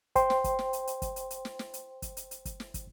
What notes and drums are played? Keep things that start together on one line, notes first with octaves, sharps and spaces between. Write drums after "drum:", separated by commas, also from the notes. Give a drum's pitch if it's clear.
C5 G5 C6, drum: kick, hi-hat
drum: snare
drum: kick, hi-hat
drum: snare
drum: hi-hat
drum: hi-hat
drum: kick, hi-hat
drum: hi-hat
drum: hi-hat
drum: snare
drum: snare
drum: hi-hat
drum: kick, hi-hat
drum: hi-hat
drum: hi-hat
drum: kick, hi-hat
drum: snare
drum: kick, hi-hat